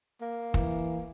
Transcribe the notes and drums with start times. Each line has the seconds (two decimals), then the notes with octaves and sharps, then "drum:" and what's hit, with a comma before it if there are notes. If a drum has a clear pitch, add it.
0.22 A#3
0.54 E3, drum: kick